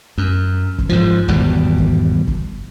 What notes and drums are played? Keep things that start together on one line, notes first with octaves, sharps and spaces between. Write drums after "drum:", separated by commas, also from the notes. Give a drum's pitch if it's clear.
F#2
drum: kick F#1
G#2 F3
G#1 E2 B2 G3
drum: kick F#1
drum: kick F#1